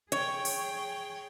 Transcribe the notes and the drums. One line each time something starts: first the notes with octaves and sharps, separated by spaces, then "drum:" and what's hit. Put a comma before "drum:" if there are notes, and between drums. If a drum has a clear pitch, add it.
G#4 C#5 G5, drum: hi-hat
drum: open hi-hat